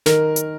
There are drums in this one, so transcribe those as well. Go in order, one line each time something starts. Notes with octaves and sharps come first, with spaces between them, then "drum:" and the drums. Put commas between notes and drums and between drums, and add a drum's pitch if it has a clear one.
D#3 A#4, drum: snare
drum: hi-hat